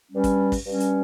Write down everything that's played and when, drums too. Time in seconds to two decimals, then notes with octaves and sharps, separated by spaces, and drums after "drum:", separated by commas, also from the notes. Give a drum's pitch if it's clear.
0.10 G2 G3 C#4
0.24 drum: kick, hi-hat
0.52 drum: kick, open hi-hat
0.66 G2 G3 C#4
0.80 drum: hi-hat